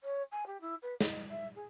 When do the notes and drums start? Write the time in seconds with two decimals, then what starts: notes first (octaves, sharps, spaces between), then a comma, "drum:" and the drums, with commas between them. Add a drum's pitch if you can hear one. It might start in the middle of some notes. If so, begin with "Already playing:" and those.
0.03 C#5
0.32 G#5
0.47 G4
0.61 E4
0.82 B4
1.01 D#5, drum: snare
1.30 E5
1.55 G#4